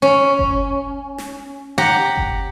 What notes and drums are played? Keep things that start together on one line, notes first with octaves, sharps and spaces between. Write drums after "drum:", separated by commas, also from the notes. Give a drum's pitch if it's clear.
C#4
drum: kick F#1
drum: snare
G4 F#5 A#5
drum: kick F#1